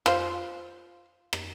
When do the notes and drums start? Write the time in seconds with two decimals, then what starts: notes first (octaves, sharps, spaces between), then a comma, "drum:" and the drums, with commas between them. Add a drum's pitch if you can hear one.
0.06 F4 C5, drum: rim click
1.33 drum: rim click